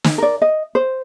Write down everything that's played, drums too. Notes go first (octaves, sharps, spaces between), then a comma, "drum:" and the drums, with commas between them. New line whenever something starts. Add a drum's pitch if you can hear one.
drum: snare
A#4 D5
D#5
C5